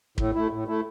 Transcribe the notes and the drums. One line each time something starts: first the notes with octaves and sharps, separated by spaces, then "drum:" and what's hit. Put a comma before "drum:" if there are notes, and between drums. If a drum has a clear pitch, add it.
A2, drum: kick
A3 E4
A2
A3 E4